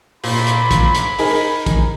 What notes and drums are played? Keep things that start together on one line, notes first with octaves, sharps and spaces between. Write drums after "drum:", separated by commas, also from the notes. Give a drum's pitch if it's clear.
A#2 B5, drum: open hi-hat
drum: hi-hat
drum: kick, hi-hat
drum: hi-hat
D#4 G#4 A#4, drum: open hi-hat
drum: kick, hi-hat